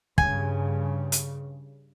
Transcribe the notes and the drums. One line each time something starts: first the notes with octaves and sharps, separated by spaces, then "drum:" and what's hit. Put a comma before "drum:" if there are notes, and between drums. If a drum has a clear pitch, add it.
G2 C#3 G#5, drum: kick
drum: hi-hat